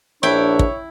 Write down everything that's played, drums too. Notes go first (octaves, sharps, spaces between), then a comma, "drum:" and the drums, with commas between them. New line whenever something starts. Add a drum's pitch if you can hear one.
A#1 D4 E4 C#5 G5
drum: kick